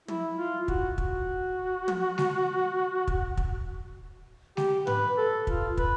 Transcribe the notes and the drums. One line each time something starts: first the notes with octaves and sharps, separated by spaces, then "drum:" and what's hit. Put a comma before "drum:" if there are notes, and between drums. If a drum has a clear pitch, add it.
E4, drum: tom
F4
F#4, drum: kick
F#4, drum: kick
drum: tom
drum: snare G#3
drum: kick
drum: kick
G4, drum: snare G#3
B4, drum: tom G#2
A4
F4, drum: kick
B4, drum: kick